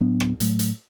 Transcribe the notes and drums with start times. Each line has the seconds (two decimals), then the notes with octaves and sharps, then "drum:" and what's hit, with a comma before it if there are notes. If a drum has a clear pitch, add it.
0.01 A2 F#3 B3 D4
0.20 drum: rim click
0.40 A2 F#3 A3, drum: hi-hat
0.59 drum: hi-hat